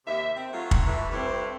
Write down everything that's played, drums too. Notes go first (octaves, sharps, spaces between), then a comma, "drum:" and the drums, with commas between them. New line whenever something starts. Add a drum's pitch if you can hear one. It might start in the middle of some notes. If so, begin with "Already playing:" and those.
D#2 C3 E5
C4
F#3 A3 F4
drum: kick
E3 A3
G2 A3 C4 E4